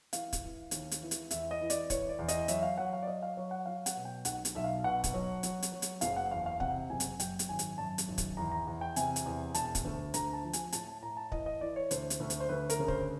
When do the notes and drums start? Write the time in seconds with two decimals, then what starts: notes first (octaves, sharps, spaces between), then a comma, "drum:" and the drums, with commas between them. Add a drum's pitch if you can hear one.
0.13 E3 F5, drum: hi-hat
0.33 drum: kick, hi-hat
0.43 E3
0.71 D#2, drum: hi-hat
0.91 drum: hi-hat
1.02 E3
1.11 drum: hi-hat
1.31 E2 E5, drum: hi-hat
1.51 D#5
1.61 E3
1.70 D5, drum: hi-hat
1.90 E3 C#5, drum: kick, hi-hat
2.09 D5
2.19 E2
2.28 D#5, drum: hi-hat
2.48 F#3 E5, drum: hi-hat
2.63 F5
2.78 F#3 F#5
2.93 F5
3.03 D5
3.07 F#3 D#5
3.23 F5
3.37 F#3
3.51 F#5
3.66 F#3 F5
3.86 F#5, drum: hi-hat
3.96 B2
4.05 G5
4.25 B1 F#5, drum: hi-hat
4.45 drum: hi-hat
4.55 B1 E5
4.64 F5
4.84 B2 F#5
5.04 drum: kick, hi-hat
5.14 F#3
5.43 F#3, drum: hi-hat
5.63 drum: hi-hat
5.72 F#3
5.82 drum: hi-hat
6.01 F#1 F5, drum: hi-hat
6.16 F#5
6.31 E2 F5
6.46 F5
6.60 C3 F#5, drum: kick
6.90 F#1 G#5
7.00 drum: hi-hat
7.20 F#2 G5, drum: hi-hat
7.39 drum: hi-hat
7.49 G#1 G#5
7.59 drum: hi-hat
7.78 F#2 A5
7.98 drum: hi-hat
8.08 G#1
8.18 drum: kick, hi-hat
8.37 E2 A#5
8.52 A#5
8.67 E2
8.81 G5
8.96 C3 G#5, drum: hi-hat
9.16 drum: hi-hat
9.26 E2
9.54 E1 A5, drum: hi-hat
9.75 drum: kick, hi-hat
9.85 D2
10.14 D2 A#5, drum: hi-hat
10.33 A5
10.43 F3
10.53 G#5, drum: hi-hat
10.73 A2 A5, drum: hi-hat
10.87 A5
11.03 A2 A#5
11.17 A5
11.32 E3 D#5, drum: kick
11.46 D#5
11.61 E3 D5
11.76 C#5
11.91 D2 C5, drum: hi-hat
12.10 drum: hi-hat
12.20 D2
12.30 drum: hi-hat
12.40 C5
12.49 D2 B4
12.70 A#4, drum: hi-hat
12.79 C#3
12.88 C5, drum: kick